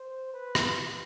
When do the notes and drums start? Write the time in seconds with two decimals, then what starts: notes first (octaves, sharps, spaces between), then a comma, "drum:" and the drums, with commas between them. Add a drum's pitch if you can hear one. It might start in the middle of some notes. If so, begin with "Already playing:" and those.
Already playing: C5
0.33 B4
0.55 drum: rim click